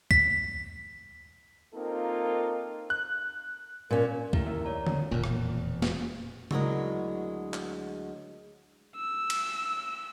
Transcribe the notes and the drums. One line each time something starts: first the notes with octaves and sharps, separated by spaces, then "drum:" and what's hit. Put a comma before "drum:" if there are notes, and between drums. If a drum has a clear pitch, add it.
B6, drum: kick
A#3 C4 D#4 F4 A4 A#4
F#6
A#2 C#4 A#4
A3 E4 G4 A#4, drum: kick
D#2 E5
C#5 D5 A#5
D2 C#3, drum: tom D3
E1 F2 A#2
drum: rim click
drum: snare
D2 F#3 G#3 E4 A#4 D#5, drum: tom C#3
drum: clap
E6
drum: cymbal